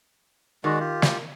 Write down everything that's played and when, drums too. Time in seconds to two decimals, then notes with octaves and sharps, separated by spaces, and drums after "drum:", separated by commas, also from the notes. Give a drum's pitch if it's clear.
0.64 D#3 G#3 F#4 D5
0.80 F4 G4
1.02 drum: snare